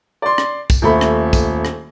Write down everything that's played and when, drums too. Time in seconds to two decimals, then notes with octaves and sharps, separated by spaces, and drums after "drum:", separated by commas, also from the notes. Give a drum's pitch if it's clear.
0.22 D5 C6
0.38 drum: rim click
0.70 drum: kick, tambourine
0.82 D#1 A3 B5
1.01 drum: rim click
1.33 drum: kick, tambourine
1.65 drum: rim click